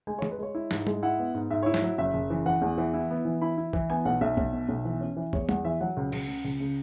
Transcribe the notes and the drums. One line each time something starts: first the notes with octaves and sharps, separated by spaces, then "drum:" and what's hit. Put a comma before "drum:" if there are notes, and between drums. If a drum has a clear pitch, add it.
G#3 G#5
C#5
G#3, drum: tom
B4
G#3 C#5
E4
G#2, drum: snare
G#3, drum: tom
E4 F#5
B3
G#2
G#2 E5
C#5
E4
C#5, drum: snare
F#3
F#1 E5
F#1
E3
E3 F#5
E2
E3
E4
B3
E3
E4 B5
E4
E3, drum: kick B1
B3 G#5
B1 F#5
B1 E5
B1, drum: kick B1
B2
B1
E3
C#4
E3
E2 C#5, drum: kick B1
E2 F#5, drum: tom
E3 E5
F#3 F#5
C#2
C#2, drum: cymbal
C#3
C#2
C#3